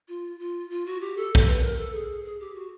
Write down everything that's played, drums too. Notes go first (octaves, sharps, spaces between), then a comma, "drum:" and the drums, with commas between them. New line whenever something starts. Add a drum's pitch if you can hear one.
F4
F4
F4
F#4
G4
A4
drum: kick
B4
A#4
A4
G#4
G#4
G4
F#4